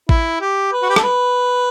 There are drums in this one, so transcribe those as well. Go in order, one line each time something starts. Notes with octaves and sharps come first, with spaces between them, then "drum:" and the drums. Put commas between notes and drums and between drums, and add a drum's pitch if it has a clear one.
E4, drum: kick A1
G4
B4
F#4
G4
A4, drum: rim click
B4